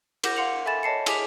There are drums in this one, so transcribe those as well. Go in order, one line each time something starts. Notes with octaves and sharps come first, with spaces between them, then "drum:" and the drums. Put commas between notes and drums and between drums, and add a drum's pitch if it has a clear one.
A#4 F#5 D6 G6 A#6, drum: cymbal
F5 F#5 C6 C#7 F7 F#7
A4 E5 G#5 B5 A6 E7
C#5 D#5 A5 C7 C#7
G#4 G#5 D6 B6 F7, drum: cymbal